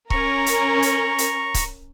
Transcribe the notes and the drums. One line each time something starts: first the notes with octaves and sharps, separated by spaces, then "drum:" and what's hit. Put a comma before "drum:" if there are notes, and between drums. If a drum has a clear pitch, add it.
C#4 A#4 A#5 C#6, drum: kick C#1
drum: hi-hat
drum: hi-hat
drum: hi-hat
drum: kick C#1, hi-hat